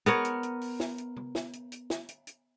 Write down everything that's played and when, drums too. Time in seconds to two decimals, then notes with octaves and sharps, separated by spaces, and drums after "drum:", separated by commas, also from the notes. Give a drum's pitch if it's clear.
0.06 B3 A#4 C#5, drum: hi-hat
0.25 drum: hi-hat
0.43 drum: hi-hat
0.61 drum: open hi-hat
0.80 drum: snare
0.98 drum: hi-hat
1.17 drum: tom C3
1.35 drum: snare
1.53 drum: hi-hat
1.72 drum: hi-hat
1.90 drum: snare
2.09 drum: hi-hat
2.27 drum: hi-hat